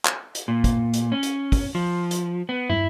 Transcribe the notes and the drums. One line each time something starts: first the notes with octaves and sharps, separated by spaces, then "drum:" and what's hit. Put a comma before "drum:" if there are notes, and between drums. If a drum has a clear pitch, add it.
drum: clap
drum: hi-hat
A#2
drum: kick, hi-hat
drum: hi-hat
C#4
drum: hi-hat
drum: kick, open hi-hat
F3
drum: hi-hat
B3
E4, drum: tom